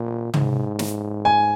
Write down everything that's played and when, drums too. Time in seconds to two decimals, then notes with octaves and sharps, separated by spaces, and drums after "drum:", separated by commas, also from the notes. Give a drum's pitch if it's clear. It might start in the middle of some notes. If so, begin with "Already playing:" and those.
Already playing: A#2
0.34 G#2, drum: tom
0.79 drum: snare
1.25 G#5